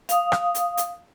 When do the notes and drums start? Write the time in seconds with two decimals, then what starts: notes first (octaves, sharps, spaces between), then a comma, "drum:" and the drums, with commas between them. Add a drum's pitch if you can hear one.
0.09 F5 D#6, drum: hi-hat
0.32 drum: rim click
0.55 drum: hi-hat
0.77 drum: hi-hat